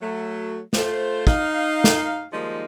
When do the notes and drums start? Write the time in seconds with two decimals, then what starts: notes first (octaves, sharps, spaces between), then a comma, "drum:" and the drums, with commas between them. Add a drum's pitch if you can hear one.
0.01 F#3 A3
0.73 A3 F4 C5, drum: snare
1.27 D#4 F5, drum: kick
1.84 drum: snare
2.32 D#3 F3 G3 G#3 A#3 D#4